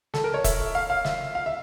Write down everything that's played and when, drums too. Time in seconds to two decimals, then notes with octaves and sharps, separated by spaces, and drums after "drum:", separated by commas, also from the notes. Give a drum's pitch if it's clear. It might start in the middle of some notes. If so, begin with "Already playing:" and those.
0.14 A4, drum: snare
0.24 A#4
0.34 C#5
0.44 E5, drum: kick E1, hi-hat
0.75 F5
0.90 F5
1.05 E5, drum: snare
1.35 F5
1.46 E5